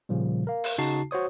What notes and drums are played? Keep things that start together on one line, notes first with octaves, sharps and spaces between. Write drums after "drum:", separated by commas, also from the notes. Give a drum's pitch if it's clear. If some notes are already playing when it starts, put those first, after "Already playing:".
A#2 C#3 F3 G3
A#4 F5
drum: open hi-hat
C#3 D#4 F#4 A5 C7
F#4 C5 C#5 D#6